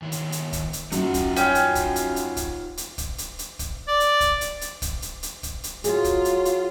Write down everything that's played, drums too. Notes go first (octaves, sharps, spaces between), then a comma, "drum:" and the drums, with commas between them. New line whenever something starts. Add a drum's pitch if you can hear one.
D#3 E4 C#5
drum: hi-hat
drum: hi-hat
drum: kick, hi-hat
drum: hi-hat
F#2 D#4 F4 F#5, drum: hi-hat
drum: kick, hi-hat
C#4 G5, drum: hi-hat
drum: hi-hat
drum: kick, hi-hat
drum: hi-hat
drum: hi-hat
drum: kick, hi-hat
drum: hi-hat
drum: kick, hi-hat
drum: hi-hat
drum: hi-hat
drum: kick, hi-hat
D5
drum: hi-hat
drum: kick, hi-hat
drum: hi-hat
drum: hi-hat
drum: kick, hi-hat
drum: hi-hat
drum: hi-hat
drum: kick, hi-hat
drum: hi-hat
F#3 F4 G#4, drum: hi-hat
drum: kick, hi-hat
drum: hi-hat
drum: hi-hat